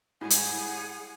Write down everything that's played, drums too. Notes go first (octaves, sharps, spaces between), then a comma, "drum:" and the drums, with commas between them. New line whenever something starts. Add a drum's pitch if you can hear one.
A2 G3 G#3 G#4 F#5 G#5
drum: hi-hat